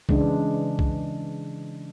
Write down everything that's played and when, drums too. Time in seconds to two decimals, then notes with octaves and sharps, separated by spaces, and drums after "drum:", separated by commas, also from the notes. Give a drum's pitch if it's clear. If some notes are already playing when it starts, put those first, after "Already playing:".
0.09 C#3 E3 G#3 D4, drum: kick
0.79 drum: kick